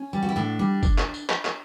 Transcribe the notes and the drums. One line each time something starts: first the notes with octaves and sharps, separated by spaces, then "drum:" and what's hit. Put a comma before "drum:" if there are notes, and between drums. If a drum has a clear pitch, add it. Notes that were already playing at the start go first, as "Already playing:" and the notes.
Already playing: C#4
G3
F#4
E4
A2 D4
G3
drum: kick F#1, tambourine
drum: clap
drum: tambourine
drum: clap
drum: clap